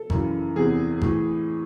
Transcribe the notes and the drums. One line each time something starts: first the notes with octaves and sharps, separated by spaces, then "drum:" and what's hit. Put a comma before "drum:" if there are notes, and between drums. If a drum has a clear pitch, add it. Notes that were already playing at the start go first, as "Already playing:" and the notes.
Already playing: A4
F#2 C#3 E3, drum: kick G#1
E2 C3 E3 G#4
A2 E3, drum: kick G#1